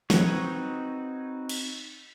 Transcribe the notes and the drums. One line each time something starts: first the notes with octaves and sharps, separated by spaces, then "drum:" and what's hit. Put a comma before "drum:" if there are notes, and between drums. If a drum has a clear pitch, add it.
C4 D#4 F#4 B4 C#5, drum: snare
drum: cymbal